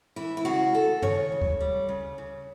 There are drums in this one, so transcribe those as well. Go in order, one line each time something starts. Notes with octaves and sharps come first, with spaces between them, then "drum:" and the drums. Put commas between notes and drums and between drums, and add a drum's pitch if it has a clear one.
E3 E4
E4
C#3 F#4
C#3 A4
C#3 C#5, drum: tom
C#3
drum: kick D2
G3
C#3
C#3